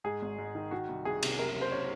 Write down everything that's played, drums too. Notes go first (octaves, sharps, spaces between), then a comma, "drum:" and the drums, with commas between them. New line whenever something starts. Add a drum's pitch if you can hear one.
G#2 G#4
G#1
G#2
D#3
D#3 F#4
C2
C2 G#4
C3, drum: cymbal
F#1 A#4
F#1
C5
C#5